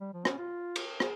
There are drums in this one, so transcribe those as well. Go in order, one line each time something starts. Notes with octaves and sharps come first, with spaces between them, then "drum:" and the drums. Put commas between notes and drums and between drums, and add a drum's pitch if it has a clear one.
G3
F3
C#4, drum: rim click
F4
drum: cymbal
G#4, drum: rim click